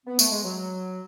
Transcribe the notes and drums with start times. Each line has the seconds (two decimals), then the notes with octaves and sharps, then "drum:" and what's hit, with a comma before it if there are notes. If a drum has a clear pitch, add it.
0.06 B3
0.19 A3, drum: tambourine
0.31 G#3
0.43 F#3